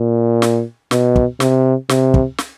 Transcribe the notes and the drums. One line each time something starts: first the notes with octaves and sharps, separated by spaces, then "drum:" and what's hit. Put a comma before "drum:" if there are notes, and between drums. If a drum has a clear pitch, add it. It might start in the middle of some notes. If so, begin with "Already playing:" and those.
Already playing: A#2
drum: snare
B2, drum: snare
drum: kick
C3, drum: snare
C3, drum: snare
drum: kick
drum: snare